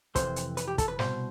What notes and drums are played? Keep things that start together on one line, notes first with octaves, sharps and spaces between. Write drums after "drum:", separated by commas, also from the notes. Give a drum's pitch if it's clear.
F2 C3 E3 C5, drum: kick, hi-hat
drum: hi-hat
B4, drum: hi-hat
G4
A4, drum: kick, hi-hat
B4
C2 B2 C5, drum: snare